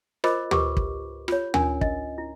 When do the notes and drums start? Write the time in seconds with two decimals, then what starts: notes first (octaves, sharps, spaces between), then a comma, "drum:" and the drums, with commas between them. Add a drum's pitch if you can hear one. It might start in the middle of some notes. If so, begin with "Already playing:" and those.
0.24 F4 A#4 C5 D#5 B5 D6, drum: rim click
0.51 G4 A#4 B4 C#6 D6, drum: tom D2
0.77 drum: kick
1.28 F4 C#5, drum: rim click
1.54 C#4 D4 A#4 G#5, drum: tom D2
1.81 D#5, drum: kick
2.18 E4